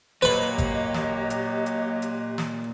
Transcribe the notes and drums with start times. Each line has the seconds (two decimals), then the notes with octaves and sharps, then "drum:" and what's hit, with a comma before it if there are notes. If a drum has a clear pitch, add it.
0.22 A#2 F#3 G4 B4 D#5 B5
0.58 drum: kick G#1, hi-hat
0.94 drum: snare
1.30 drum: hi-hat
1.66 drum: hi-hat
2.02 drum: hi-hat
2.38 drum: snare